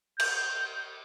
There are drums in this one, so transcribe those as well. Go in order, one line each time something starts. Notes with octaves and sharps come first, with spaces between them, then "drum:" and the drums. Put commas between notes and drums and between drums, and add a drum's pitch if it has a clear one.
G6, drum: cymbal